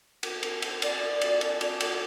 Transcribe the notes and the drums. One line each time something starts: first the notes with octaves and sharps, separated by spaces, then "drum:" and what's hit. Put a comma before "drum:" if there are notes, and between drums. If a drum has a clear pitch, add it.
drum: cymbal
drum: cymbal
drum: cymbal
D5, drum: cymbal
drum: cymbal
drum: cymbal
drum: cymbal
drum: cymbal